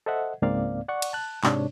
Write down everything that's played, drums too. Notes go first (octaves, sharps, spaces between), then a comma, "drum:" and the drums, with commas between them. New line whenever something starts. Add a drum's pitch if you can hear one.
A4 C5 D#5 E5 F#5
C#2 G#2 A#3 C4 D5 F5
D5 F#5 C#6
drum: cymbal
A5 F#6
G#2 C3 D4 C#5, drum: clap